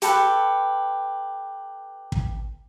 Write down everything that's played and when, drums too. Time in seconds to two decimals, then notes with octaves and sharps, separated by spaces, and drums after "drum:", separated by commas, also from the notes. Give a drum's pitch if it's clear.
0.02 G4 A4 B4, drum: hi-hat
2.12 drum: kick